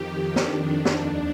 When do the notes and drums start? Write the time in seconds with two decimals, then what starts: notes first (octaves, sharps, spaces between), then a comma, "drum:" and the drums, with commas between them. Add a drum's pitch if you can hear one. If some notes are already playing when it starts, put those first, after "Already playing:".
Already playing: F2 D#3 G4
0.36 F2 D#3 D4, drum: snare
0.85 drum: snare
1.02 D#2